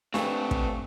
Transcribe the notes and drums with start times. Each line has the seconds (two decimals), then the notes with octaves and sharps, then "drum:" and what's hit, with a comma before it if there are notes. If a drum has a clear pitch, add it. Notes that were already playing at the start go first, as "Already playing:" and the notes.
0.14 A3 C4 D4 G4 B4 F5 G#5 C#6, drum: snare
0.51 drum: kick